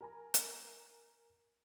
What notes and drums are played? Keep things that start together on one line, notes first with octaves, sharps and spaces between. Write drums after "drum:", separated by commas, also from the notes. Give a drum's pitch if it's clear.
A#4 G#5 A#5
drum: hi-hat